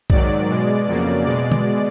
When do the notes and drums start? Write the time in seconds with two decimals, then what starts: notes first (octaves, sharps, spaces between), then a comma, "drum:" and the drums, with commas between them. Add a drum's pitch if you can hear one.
0.10 G#2 D#3 F#3 D5, drum: kick B1
0.48 B2 G#3
0.87 F2 C#3 F#3 A#3
1.25 B2 G#3 D5
1.52 drum: tom D3